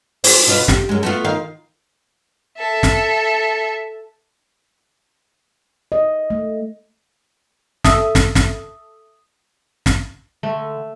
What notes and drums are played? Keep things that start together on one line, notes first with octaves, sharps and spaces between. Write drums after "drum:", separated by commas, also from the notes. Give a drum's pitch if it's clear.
C5, drum: open hi-hat
B2 F4 B4
G4, drum: snare
F#2 G#3
A3 B3 F4
D#3 F5
A4 E5
drum: snare
D#5
A3
A4 E5 D#6, drum: snare
drum: snare
drum: snare
drum: snare
D3 A3